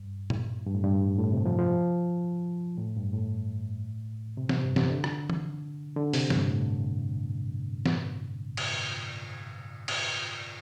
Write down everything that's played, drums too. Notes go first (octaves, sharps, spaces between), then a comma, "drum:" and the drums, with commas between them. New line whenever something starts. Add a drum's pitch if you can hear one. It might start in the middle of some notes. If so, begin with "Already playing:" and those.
Already playing: G2
drum: tom A#2
G2
A2
G2
A2
C3
F3
F3
A2
G2
A2
C3
C3, drum: snare
G2
C3, drum: snare
D3
drum: rim click
drum: tom
D3
C3, drum: open hi-hat
G2, drum: snare
A2
drum: snare
drum: cymbal
drum: cymbal